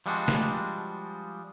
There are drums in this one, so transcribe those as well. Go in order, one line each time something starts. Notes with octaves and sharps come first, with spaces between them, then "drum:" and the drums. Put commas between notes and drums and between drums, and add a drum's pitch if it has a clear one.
F3 G3 G#3 D4 F#4
drum: snare